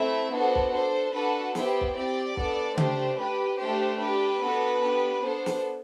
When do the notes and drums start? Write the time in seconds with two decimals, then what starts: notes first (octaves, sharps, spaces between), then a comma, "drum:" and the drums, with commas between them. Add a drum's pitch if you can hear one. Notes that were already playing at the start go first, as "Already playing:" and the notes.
Already playing: A3 C4 E4 E5
0.32 B3 D4 F#4 A4 C5
0.55 drum: kick B1
0.73 D4 A4 C5
1.14 D4 F#4 A4 B4
1.55 B3 E4 G4 C5, drum: snare
1.81 drum: kick B1
1.95 C4 G4 D5
2.37 B3 D4 A4, drum: kick B1
2.77 A3 D4 G4 C5, drum: tom C#3
3.18 D4 G4 B4
3.59 A3 D4 G4 C5
4.00 D4 G4 B4
4.41 B3 D4 F#4 A4
4.82 B3 D4 G4
5.23 B3 D4 A4 C5
5.46 drum: snare